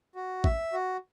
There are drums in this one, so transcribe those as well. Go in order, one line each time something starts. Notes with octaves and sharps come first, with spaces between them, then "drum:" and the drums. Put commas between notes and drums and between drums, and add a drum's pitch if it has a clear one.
F#4
E5, drum: kick A1
F#4